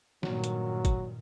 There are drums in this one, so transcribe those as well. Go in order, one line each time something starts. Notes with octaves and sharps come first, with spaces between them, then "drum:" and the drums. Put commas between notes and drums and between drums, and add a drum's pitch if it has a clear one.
G2 A#2 D#3 F#3, drum: snare
drum: hi-hat
drum: kick, hi-hat